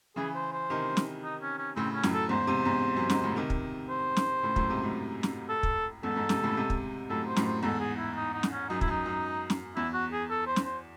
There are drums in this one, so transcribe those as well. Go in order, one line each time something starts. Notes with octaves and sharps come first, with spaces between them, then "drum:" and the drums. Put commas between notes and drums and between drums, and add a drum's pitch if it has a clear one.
C#3 E3 G#4
C5
C5
C3 D#3
drum: snare
D#4
C#4
C#4
A2 C#3 C4
C#4
F#2 A2, drum: snare
A4
E2 G#2 C5
G#2 C3
E2 G#2
F#2
E2 G#2, drum: snare
A2 C#3
C3 D#3
drum: kick
C5
drum: snare
A2 C#3
F#2 A2, drum: kick
G#2 C3
F#2 A2
drum: snare
A4
drum: kick
E2 G#2 A4
E2 G#2
G#2 C3, drum: snare
A2 C#3
G#2 C3
drum: kick
F#2 A2 A4
C5
F#2 A2, drum: snare
C5
E2 G#2 A4
G#4
E4
D#4
D#4
drum: snare
C#4
F#2 D#4
E4, drum: kick
F#2 D#4
F#2
drum: snare
E2 E4
F#4
G#4
A4
C5
drum: snare
C5